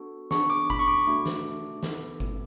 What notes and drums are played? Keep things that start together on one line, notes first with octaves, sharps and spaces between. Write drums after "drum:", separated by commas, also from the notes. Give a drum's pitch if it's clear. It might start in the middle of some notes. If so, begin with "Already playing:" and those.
Already playing: B3 D4 F#4 A4
B3 D4 G#4 C#6, drum: snare
D6
B5, drum: kick G1
C#6
D6
A3 D4 F#4 A4 D6
drum: snare
B3 E4 A4, drum: snare
drum: kick G1